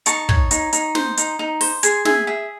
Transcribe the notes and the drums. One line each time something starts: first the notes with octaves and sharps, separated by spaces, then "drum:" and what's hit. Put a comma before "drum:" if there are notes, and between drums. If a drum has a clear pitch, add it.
D#4 A5 C#6, drum: hi-hat
C#5, drum: kick
D#4, drum: hi-hat
D#4, drum: hi-hat
C5, drum: snare
D#4, drum: hi-hat
D#4
C5, drum: open hi-hat
G#4 G#5 C6, drum: hi-hat
G#4 E5 G#5, drum: snare
G#4 E5